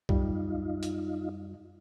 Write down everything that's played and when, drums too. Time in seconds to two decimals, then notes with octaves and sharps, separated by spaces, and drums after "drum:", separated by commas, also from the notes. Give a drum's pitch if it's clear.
0.09 F#2 G3 D#4 F4, drum: kick B1
0.83 drum: hi-hat